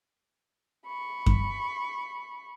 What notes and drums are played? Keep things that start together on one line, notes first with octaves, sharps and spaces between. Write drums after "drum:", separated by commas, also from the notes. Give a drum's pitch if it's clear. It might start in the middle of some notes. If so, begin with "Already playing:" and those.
B5 C#6
drum: kick F#2